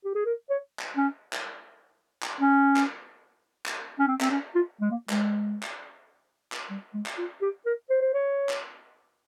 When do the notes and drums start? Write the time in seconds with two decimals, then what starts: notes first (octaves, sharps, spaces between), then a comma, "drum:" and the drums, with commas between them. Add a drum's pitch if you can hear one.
0.05 G4
0.15 G#4
0.26 A#4
0.50 C#5
0.79 drum: clap
0.97 C#4
1.33 drum: clap
2.23 drum: clap
2.41 C#4
2.76 drum: clap
3.66 drum: clap
4.00 C#4
4.08 C4
4.21 C4, drum: clap
4.31 C#4
4.55 F4
4.81 G#3
4.91 A#3
5.10 G#3, drum: clap
5.63 drum: clap
6.52 drum: clap
6.70 G3
6.94 G#3
7.06 drum: clap
7.18 F4
7.42 G4
7.66 A#4
7.90 C5
8.01 C5
8.14 C#5
8.49 drum: clap